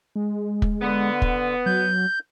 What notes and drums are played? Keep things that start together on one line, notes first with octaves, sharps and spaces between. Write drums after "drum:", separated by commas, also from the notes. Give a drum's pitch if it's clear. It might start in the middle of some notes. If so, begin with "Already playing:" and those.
G#3
drum: kick
D3 B3
drum: kick
F#3 G6